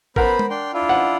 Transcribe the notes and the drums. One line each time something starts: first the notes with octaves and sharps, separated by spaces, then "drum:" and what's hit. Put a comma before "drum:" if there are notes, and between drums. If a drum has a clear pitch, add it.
B3 A#4 C5 F#5 B5, drum: kick
drum: tom G#3
D4 G5 C6
D4 E4 F4
F#5